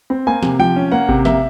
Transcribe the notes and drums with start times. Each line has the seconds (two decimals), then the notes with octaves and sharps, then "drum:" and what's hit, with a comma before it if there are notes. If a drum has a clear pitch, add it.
0.10 C4
0.27 A#3 G#5
0.43 C3, drum: snare
0.59 F3 G5
0.76 C#4
0.92 A#3 F#5
1.09 C3, drum: kick G#1
1.25 A#3 E5, drum: snare